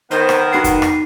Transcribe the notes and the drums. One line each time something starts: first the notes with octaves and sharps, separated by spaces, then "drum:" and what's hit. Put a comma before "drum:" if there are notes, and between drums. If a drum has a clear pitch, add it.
D#3 B3 C5
drum: rim click
D#4 F#5 C7
drum: kick F2, hi-hat
drum: rim click